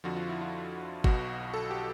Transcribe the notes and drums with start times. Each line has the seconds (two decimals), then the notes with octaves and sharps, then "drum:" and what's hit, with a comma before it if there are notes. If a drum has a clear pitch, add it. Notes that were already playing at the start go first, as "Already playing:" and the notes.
0.04 F2 D3 F3 F#4
0.17 F4
0.29 E4
0.41 F4
1.04 B1 B2 F#4, drum: kick G1
1.54 A4
1.71 G4